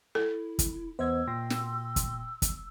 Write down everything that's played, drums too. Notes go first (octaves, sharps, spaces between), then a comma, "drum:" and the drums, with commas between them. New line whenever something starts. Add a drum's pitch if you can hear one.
E4 A4
drum: kick, hi-hat
E2 B3 C5 D#5 E6 G#6
A#2 G5 C6 A#6
drum: snare
drum: kick, hi-hat
drum: kick, hi-hat